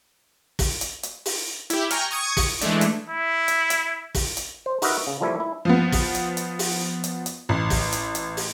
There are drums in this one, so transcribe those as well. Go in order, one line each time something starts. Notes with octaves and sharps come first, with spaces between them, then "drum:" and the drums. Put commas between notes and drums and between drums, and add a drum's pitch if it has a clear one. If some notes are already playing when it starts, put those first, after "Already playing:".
drum: kick, open hi-hat
drum: hi-hat
drum: hi-hat
drum: open hi-hat
E4 G4, drum: hi-hat
G5 G#5 A#5 C#6 F6, drum: hi-hat
C#6 D#6 G#6 C#7
drum: kick, open hi-hat
E3 G#3 A3 D4, drum: hi-hat
drum: hi-hat
E4
drum: hi-hat
drum: hi-hat
drum: kick, open hi-hat
drum: hi-hat
C5
D#4 F#4 A#4 B4 D#5 E5, drum: open hi-hat
C#3
E3 F3 G3 A3 A#3 E4
E4
F3 B3
drum: kick, open hi-hat
drum: hi-hat
drum: hi-hat
drum: open hi-hat
drum: hi-hat
drum: hi-hat
A1
drum: kick, open hi-hat
drum: hi-hat
drum: hi-hat
drum: open hi-hat